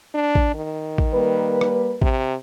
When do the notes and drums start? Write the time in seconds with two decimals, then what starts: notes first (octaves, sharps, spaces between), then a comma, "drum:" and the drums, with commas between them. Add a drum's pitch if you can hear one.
0.14 D4
0.35 drum: kick A1
0.55 D#3
0.98 drum: kick A1
1.13 G3 A#3 B4
1.61 drum: rim click
2.02 C3, drum: kick A1